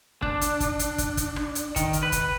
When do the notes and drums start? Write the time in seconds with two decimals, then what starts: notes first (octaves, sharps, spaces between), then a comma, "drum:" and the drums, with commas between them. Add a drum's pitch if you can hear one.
0.22 D4, drum: kick
0.41 drum: hi-hat
0.60 drum: kick, hi-hat
0.79 drum: hi-hat
0.98 drum: kick, hi-hat
1.17 drum: kick, hi-hat
1.36 drum: rim click
1.55 drum: hi-hat
1.76 D#3, drum: kick, hi-hat
1.93 drum: hi-hat
2.03 B4
2.12 drum: kick, hi-hat